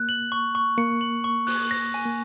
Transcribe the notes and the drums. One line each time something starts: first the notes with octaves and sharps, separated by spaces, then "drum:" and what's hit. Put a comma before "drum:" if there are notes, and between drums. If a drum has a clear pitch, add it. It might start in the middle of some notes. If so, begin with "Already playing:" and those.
Already playing: A#3 F#6
F#7
C#6
C#6
A#3 C#7
F#7
C#6
F#6, drum: open hi-hat
A#6
G#5
A#3